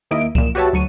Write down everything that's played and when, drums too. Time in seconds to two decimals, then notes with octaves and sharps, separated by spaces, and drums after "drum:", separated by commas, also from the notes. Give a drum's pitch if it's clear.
0.11 D#2 D#3 A#3 E4 D#5 D7
0.35 A#2 E7, drum: kick C2
0.55 F#4 G4 B4 C#5 E5 A5
0.73 D2 F#3 C#6 D#7